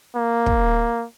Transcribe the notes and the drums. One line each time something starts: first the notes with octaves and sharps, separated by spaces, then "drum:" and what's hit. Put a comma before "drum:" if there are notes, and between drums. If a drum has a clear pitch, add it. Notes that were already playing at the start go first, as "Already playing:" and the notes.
A#3
drum: kick